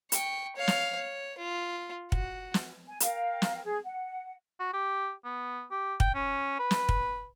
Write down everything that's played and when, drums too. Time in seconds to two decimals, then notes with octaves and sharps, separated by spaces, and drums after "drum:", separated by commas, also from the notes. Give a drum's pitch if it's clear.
0.12 G5 C#6, drum: hi-hat
0.56 C#5 F5
0.68 drum: snare
0.96 C#5
1.38 F4
2.12 F#4, drum: kick
2.54 drum: snare
2.87 G#5
3.00 A#4 F5 G5, drum: hi-hat
3.42 drum: snare
3.64 G#4
3.84 F#5
4.60 F#4
4.74 G4
5.24 B3
5.71 G4
6.00 G5, drum: kick
6.15 C#4
6.59 B4
6.71 drum: snare
6.89 drum: kick